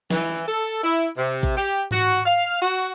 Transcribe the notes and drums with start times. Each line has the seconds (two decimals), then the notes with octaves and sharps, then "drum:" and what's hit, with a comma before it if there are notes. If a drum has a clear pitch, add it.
0.10 E3, drum: snare
0.46 A4
0.83 E4
1.17 C3
1.43 drum: kick A1
1.57 G4
1.91 F#4, drum: tom G#2
2.25 F5
2.61 F#4